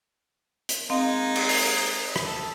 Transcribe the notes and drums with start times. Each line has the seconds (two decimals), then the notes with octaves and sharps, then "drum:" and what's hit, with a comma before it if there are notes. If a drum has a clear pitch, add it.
0.69 drum: hi-hat
0.90 G#3 A#3 C4 D#4 D#5 F5
1.36 drum: cymbal
1.49 drum: open hi-hat
2.16 drum: rim click
2.25 A4